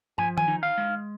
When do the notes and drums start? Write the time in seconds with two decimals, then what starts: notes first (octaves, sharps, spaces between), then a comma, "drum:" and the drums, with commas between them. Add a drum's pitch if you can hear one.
0.18 F3 G#5, drum: tom
0.38 G#5, drum: tom D#3
0.48 D#4
0.63 F5
0.78 G#3